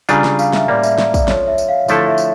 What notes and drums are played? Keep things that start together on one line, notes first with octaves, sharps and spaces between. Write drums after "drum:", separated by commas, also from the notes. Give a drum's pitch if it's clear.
C#3 G3 D4 F4 A#5, drum: tambourine
drum: snare
F5, drum: tambourine
E5, drum: snare
A2 G3 A#3 C#4 D5
E5, drum: tambourine
E5, drum: snare
D5, drum: kick, tambourine
F3 C#4 F4 A4 C#5, drum: snare
E5
drum: tambourine
F5
D3 F3 A3 E4 A4, drum: tambourine
E5
drum: tambourine